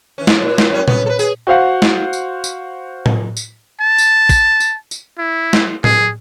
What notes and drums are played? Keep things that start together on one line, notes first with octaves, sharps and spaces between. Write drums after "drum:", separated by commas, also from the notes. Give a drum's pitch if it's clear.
E3 C#4
drum: snare
A#2
drum: snare
F#2 C#4
B3 C#4, drum: tom A#2
A4 B4
G#4, drum: tambourine
F#4 C5 F5 F#5
drum: snare
drum: tambourine
drum: tambourine
drum: tom A2
drum: tambourine
A5
drum: tambourine
drum: kick, tambourine
drum: tambourine
drum: tambourine
E4
drum: snare
G#4, drum: tom A2